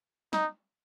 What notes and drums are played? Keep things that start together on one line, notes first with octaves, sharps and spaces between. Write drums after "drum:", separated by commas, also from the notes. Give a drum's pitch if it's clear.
D#4, drum: snare